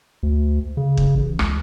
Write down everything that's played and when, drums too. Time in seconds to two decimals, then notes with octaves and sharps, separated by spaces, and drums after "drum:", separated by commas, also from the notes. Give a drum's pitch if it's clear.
0.23 D2
0.77 C#3
0.97 drum: kick
1.15 A1
1.39 C#2, drum: rim click